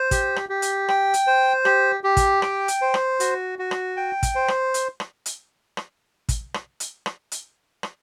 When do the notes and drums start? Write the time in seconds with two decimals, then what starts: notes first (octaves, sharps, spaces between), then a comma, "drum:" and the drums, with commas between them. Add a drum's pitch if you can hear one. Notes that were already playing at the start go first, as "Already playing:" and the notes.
Already playing: C5
0.11 G4, drum: kick, hi-hat
0.36 drum: rim click
0.49 G4
0.62 drum: hi-hat
0.88 G5, drum: rim click
1.14 drum: hi-hat
1.27 C5
1.65 G4, drum: rim click
2.04 G4
2.17 drum: kick, hi-hat
2.42 G5, drum: rim click
2.68 drum: hi-hat
2.82 C5
2.94 drum: rim click
3.20 F#4, drum: hi-hat
3.59 F#4
3.71 drum: rim click
3.97 G5
4.23 drum: kick, hi-hat
4.35 C5
4.48 drum: rim click
4.74 drum: hi-hat
5.00 drum: rim click
5.26 drum: hi-hat
5.77 drum: rim click
6.29 drum: kick, hi-hat
6.54 drum: rim click
6.80 drum: hi-hat
7.06 drum: rim click
7.32 drum: hi-hat
7.83 drum: rim click